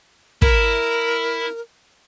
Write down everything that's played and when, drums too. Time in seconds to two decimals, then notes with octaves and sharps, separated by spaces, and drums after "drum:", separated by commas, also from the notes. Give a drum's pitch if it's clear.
0.42 E4 A#4, drum: kick